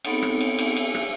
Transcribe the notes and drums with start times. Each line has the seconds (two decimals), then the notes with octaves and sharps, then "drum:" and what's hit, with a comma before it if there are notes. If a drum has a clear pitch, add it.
0.05 B3 C4 D#4 A4 F#5, drum: cymbal
0.23 drum: rim click
0.41 drum: cymbal
0.59 drum: cymbal
0.77 drum: cymbal
0.95 drum: rim click